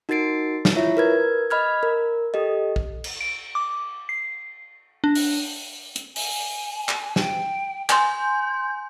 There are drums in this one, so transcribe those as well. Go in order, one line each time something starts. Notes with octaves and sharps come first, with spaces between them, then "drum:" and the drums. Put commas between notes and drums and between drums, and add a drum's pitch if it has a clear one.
D#4 F#4 A#4 A6 C7 D7
drum: snare
E4 F4 C#5 E5
A#4 B4 G#6
D#5 B5 F6 G#6
A#4
G4 A4 D#5
drum: kick
drum: cymbal
D7
D6
C7
D4
drum: open hi-hat
drum: hi-hat
G#5, drum: open hi-hat
drum: clap
G5, drum: snare
G#5 C6 G6, drum: clap